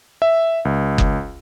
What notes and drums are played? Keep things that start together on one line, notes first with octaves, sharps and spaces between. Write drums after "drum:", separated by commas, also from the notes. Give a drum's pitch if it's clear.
E5
C#2
drum: kick F#1